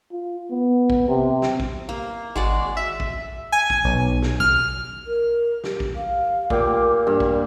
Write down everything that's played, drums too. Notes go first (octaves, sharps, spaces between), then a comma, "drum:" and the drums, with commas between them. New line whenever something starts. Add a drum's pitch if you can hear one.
F4
B3
drum: kick A#1
C3
drum: snare
drum: kick A#1
A#3
G#1 G#3 F#4 D5
E5
drum: kick A#1
G#5
drum: kick A#1
B1
drum: snare
F6, drum: kick A#1
A#4
G4, drum: snare
drum: kick A#1
F5
A#2 G4 A#4, drum: kick A#1
G2
drum: kick A#1